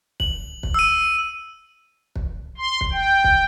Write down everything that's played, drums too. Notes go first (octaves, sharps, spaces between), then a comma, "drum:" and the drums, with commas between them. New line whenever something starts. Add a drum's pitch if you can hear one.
F#7, drum: kick
drum: kick
E6 D#7
drum: kick
C6
drum: kick
G5
drum: kick